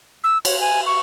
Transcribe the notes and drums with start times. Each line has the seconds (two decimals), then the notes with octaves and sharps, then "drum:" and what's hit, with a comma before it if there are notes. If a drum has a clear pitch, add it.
0.24 E6
0.45 C#5, drum: cymbal
0.60 G#5
0.86 C#6